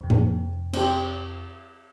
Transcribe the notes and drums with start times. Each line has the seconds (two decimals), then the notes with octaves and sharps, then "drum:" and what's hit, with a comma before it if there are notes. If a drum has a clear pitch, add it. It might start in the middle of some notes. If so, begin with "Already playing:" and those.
0.01 F2 C3
0.10 drum: tom A2
0.73 C4 G4, drum: cymbal